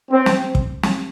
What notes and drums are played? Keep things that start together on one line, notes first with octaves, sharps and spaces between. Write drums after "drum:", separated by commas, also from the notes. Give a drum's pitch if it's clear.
C4
drum: snare
drum: kick
drum: snare